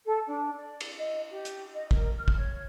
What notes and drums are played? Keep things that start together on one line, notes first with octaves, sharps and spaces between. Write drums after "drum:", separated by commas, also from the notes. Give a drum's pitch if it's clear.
A4
D4
D5
drum: cymbal
D#5
G4
drum: hi-hat
D#5
A#4, drum: kick
F6
drum: kick
C#5